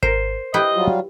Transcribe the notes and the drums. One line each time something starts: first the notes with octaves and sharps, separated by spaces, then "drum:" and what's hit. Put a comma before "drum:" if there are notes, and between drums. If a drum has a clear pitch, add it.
A#4 C5, drum: kick G#1
E4 G4 B4 D#5
F#3 G3 F4